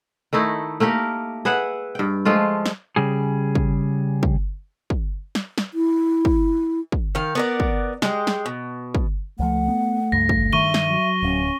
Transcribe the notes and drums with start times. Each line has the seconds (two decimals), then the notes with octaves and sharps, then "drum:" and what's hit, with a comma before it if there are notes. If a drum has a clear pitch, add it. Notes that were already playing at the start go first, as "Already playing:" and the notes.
0.33 D#3 A3 D#4 E4
0.80 A3 A#3 G4 A#4
1.45 G#4 B4 E5 F#5
1.95 G2 G5
2.25 F3 G#3 A3 F4
2.66 drum: snare
2.96 C#3 G3 G#4
3.55 drum: kick
4.23 drum: kick
4.90 drum: kick
5.35 drum: snare
5.58 drum: snare
5.74 E4
6.25 drum: kick
6.92 drum: kick
7.15 D#3 F5
7.35 B3 A#4 D5
7.60 drum: kick
8.02 G#3 G4, drum: snare
8.27 drum: snare
8.46 B2
8.95 drum: kick
9.39 C#2 F3 A3 F#5
9.68 B3
10.12 C#2 G2 A#6
10.29 drum: kick
10.53 G2 D#3 E5 C#6 D#7 G7
10.74 drum: snare
10.88 F#3
11.23 D1 C#4